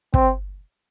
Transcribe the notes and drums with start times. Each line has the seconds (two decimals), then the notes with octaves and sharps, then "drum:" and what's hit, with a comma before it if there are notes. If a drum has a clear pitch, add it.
0.14 C4, drum: kick